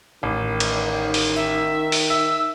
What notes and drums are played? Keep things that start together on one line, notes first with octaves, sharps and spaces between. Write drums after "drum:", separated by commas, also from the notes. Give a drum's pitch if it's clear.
A1 D#3
drum: cymbal
drum: open hi-hat
E5
drum: open hi-hat
E5 E6